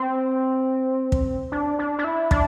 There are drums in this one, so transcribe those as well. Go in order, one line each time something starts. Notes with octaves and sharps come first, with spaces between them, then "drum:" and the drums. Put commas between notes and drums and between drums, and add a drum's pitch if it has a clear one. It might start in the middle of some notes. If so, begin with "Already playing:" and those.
Already playing: C4
drum: kick
D4
D4
D4
E4
D4, drum: kick